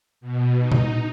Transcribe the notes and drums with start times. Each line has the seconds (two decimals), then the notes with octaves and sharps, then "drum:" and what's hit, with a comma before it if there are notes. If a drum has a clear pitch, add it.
0.21 B2
0.59 D#4
0.72 drum: tom A#2